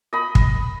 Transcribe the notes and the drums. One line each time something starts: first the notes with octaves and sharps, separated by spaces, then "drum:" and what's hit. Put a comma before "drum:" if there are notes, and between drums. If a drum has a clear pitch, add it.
D#5 B5
drum: kick